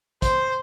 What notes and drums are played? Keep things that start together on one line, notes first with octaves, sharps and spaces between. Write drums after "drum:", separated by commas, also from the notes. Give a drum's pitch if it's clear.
C5, drum: kick, hi-hat